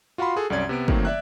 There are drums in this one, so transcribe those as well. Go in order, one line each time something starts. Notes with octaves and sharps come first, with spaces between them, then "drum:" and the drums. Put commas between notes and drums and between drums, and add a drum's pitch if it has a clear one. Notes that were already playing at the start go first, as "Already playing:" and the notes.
F4 F#4 F5 F#5 B5 C6
F#4 G#4 A4
C2 F#2 C#4 D5 G#6
C3 B3 D7
D#3 F#3 A3 A#3 C4, drum: kick
D5 E5 F#6